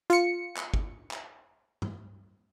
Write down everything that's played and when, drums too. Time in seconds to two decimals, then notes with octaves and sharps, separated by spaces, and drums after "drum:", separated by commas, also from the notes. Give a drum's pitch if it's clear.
0.10 F4 C#7, drum: hi-hat
0.57 drum: clap
0.74 drum: kick
1.11 drum: clap
1.82 drum: tom G2